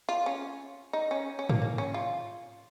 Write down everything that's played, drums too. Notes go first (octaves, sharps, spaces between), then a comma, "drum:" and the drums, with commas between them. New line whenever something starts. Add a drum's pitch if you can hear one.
F4
C#4
D#4
C#4
C#4
A#3, drum: tom G#2
A#3
C#4
F4